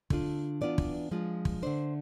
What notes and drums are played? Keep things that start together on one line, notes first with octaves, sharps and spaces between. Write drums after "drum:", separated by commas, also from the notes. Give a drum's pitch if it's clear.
D3 A3 D4 F4, drum: kick
E3 B3 D4 F4 D5
drum: kick
F3 G#3 D4 F4
drum: kick
D3 A3 D4 C5